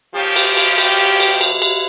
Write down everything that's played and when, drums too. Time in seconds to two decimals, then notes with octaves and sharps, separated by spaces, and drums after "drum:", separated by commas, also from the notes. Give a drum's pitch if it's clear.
0.15 D#2 C#3 F3 G4
0.36 drum: cymbal
0.57 drum: cymbal
0.78 drum: cymbal
1.20 drum: cymbal
1.41 drum: cymbal
1.62 drum: cymbal